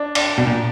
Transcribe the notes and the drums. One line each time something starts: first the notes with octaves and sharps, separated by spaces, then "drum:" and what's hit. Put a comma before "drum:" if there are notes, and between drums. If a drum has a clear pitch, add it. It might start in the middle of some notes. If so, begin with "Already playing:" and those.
Already playing: D4
D4, drum: cymbal
B2 D4
A#2